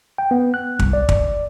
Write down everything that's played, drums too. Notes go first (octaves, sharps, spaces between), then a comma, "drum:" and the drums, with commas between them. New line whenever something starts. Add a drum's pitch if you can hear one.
G5
B3
F#6
C2, drum: kick
D5
drum: kick